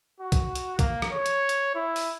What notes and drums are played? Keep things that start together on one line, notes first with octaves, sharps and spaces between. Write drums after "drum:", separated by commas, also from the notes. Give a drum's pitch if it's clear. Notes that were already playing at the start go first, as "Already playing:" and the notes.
F#4
drum: kick B1, hi-hat
drum: hi-hat
A#3, drum: kick B1, hi-hat
drum: rim click
C#5
drum: hi-hat
drum: hi-hat
E4
drum: open hi-hat